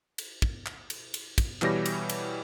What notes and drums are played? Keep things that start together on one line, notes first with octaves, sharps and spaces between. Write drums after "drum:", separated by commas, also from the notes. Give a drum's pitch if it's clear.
drum: cymbal
drum: kick
drum: clap
drum: cymbal
drum: cymbal
drum: kick, cymbal
B2 E3 G3 G4 C#5 A#6, drum: clap
drum: cymbal
drum: cymbal